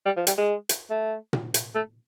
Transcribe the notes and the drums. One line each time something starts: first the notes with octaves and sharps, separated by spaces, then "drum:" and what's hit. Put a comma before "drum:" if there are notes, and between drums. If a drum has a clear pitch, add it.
G3
F3
G3, drum: hi-hat
G#3
drum: hi-hat
A3
drum: tom A#2
drum: hi-hat
A3